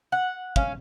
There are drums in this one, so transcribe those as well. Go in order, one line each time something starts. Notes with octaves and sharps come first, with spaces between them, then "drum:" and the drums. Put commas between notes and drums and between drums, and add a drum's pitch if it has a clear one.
F#5
C#4 F5, drum: kick